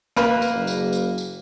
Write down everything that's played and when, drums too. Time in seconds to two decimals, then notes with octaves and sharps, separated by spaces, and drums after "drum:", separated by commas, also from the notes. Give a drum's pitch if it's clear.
0.17 A#3 B4, drum: snare
0.42 drum: tambourine
0.52 F#1
0.67 drum: tambourine
0.93 drum: tambourine
1.18 drum: tambourine